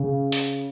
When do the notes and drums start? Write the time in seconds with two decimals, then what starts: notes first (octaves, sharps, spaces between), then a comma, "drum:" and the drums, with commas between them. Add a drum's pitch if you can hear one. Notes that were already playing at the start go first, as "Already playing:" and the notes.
Already playing: C#3
0.32 drum: hi-hat